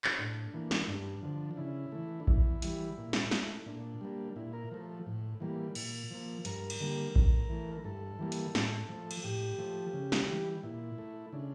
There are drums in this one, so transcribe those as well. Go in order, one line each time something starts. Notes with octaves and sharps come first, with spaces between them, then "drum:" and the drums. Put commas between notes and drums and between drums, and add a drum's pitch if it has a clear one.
drum: clap
A2 D4
E3 A#3
drum: snare
G2 D4
D3 F3
D4
C#3 E4
E3 A3
D4
E2 E4, drum: kick A1
E3 G3, drum: hi-hat
A#2
drum: snare
A3, drum: snare
A#2 D4
G3 A#3
A#2 E4
A#4
F3 A3
A2
E3 G3 A#3
A#2, drum: cymbal
F3 A#3
G2 A#4, drum: hi-hat
drum: cymbal
D3 G3 A#3
A2, drum: kick A1
E3 A3
G2 A4
E3 G3 A#3
drum: hi-hat
A2, drum: snare
F3 A3
drum: cymbal
A2 G4
F3 A3
C#3
drum: snare
E3 G3
A#2 E4
A3
C#3 D4